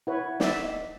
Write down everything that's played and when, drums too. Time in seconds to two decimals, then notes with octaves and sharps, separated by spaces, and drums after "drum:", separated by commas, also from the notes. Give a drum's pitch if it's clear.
0.07 E4 B4 C#5 F#5
0.40 D5 E5, drum: snare
0.65 D#5